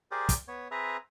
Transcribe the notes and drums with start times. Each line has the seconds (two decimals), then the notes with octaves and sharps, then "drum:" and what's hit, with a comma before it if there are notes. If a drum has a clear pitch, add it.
0.11 G4 G#4 A#4 C5 D5
0.29 drum: kick, hi-hat
0.48 B3 C#5
0.71 C4 G#4 B4 E5 A#5